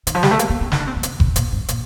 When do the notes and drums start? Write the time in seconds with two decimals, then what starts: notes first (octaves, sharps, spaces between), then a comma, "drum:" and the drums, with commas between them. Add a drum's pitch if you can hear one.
0.07 D#3, drum: hi-hat
0.15 F3
0.23 G3, drum: snare
0.31 A3
0.39 A#3, drum: hi-hat
0.50 A#3
0.60 C4
0.72 D#4, drum: snare
0.79 D4
0.87 C4
0.96 A#3
1.03 C3, drum: hi-hat
1.20 drum: kick F#1
1.36 A#2, drum: hi-hat
1.52 G2
1.68 A#2, drum: hi-hat